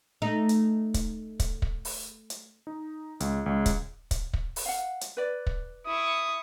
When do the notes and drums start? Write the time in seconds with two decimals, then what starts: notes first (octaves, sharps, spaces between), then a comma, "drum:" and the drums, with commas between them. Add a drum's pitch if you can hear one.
0.22 A3 D#4
0.49 drum: hi-hat
0.94 drum: kick, hi-hat
1.40 drum: kick, hi-hat
1.62 drum: kick
1.85 drum: open hi-hat
2.30 drum: hi-hat
2.67 D#4
3.20 C#2, drum: hi-hat
3.46 C#2
3.66 drum: kick, hi-hat
4.11 drum: kick, hi-hat
4.33 drum: kick
4.56 drum: open hi-hat
4.66 F5 F#5
5.01 drum: hi-hat
5.17 B4 D5
5.47 drum: kick
5.87 E4 C#6 D#6